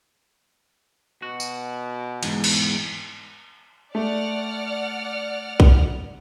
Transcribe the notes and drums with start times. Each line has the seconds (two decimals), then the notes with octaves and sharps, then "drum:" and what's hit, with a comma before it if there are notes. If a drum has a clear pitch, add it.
1.22 B2 F#4
1.40 drum: tambourine
2.23 E2 G#2, drum: cymbal
2.44 drum: cymbal
3.95 A3 D5 F#5 F6
5.60 drum: kick B1